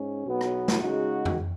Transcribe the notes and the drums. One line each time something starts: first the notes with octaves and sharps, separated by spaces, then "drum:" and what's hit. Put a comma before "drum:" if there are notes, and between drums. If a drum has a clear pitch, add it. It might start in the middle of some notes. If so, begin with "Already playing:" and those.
Already playing: G#2 C#4
B1 B2 F#3 B3
drum: rim click
drum: snare
C#3 G#3 D#4 F#4
drum: tom F2